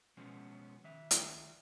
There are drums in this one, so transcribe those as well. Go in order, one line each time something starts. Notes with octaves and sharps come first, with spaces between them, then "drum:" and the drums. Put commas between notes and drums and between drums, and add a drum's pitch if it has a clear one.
B2 F3 G#3 B3 C#4
D#3 E5
drum: hi-hat